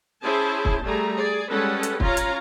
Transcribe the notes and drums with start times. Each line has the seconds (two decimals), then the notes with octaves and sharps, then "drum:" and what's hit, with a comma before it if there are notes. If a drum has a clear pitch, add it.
0.23 C#4 E4 G#4 C5 A5
0.65 drum: kick
0.83 G3 A3 G#4 A#5
1.16 G#4 D5
1.50 G3 G#3 C#4 A4 B4 F#5
1.83 drum: hi-hat
2.00 C#4 F4 C#5 F5 A#5, drum: kick
2.17 drum: hi-hat